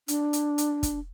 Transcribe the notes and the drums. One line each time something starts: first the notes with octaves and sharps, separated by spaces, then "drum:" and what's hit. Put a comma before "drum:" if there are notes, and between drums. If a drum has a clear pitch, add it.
D4, drum: hi-hat
drum: hi-hat
drum: hi-hat
drum: kick, hi-hat